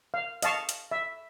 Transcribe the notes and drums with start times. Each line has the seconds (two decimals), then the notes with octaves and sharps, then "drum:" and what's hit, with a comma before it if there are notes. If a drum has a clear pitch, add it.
0.14 F5
0.42 D#5 F5 A5 C#6, drum: hi-hat
0.69 drum: hi-hat
0.91 E5